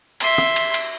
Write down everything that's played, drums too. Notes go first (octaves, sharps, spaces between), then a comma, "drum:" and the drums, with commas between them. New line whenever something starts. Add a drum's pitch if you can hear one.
E5 C6, drum: cymbal
drum: rim click
drum: cymbal
drum: cymbal